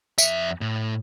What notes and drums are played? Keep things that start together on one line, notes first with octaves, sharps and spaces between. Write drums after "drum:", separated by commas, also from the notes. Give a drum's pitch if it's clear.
F2 E5, drum: tambourine
A2